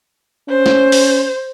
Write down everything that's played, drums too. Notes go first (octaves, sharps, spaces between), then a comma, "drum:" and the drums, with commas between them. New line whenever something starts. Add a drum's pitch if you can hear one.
C#4 C5
drum: snare
drum: open hi-hat